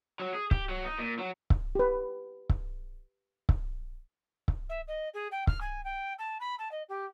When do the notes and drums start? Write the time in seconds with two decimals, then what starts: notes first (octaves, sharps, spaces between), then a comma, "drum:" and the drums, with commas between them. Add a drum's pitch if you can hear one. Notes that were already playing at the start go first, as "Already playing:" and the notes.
0.20 F#3
0.34 G#4
0.51 G4, drum: kick C#1
0.69 F#3
0.84 D#4
0.99 A#2
1.19 F#3
1.50 drum: kick C#1
1.75 G4 B4
2.49 drum: kick C#1
3.49 drum: kick C#1
4.48 drum: kick C#1
4.69 E5
4.88 D#5
5.14 G#4
5.32 G5
5.47 F6, drum: kick C#1
5.61 G#5
5.84 G5
6.19 A5
6.40 B5
6.59 A5
6.72 D#5
6.89 G4